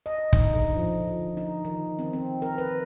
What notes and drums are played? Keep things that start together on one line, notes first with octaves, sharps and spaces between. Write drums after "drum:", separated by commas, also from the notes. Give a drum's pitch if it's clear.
D#5
D#4, drum: kick
D3
F3
D#4
D#3
C4
C4
A#4
B4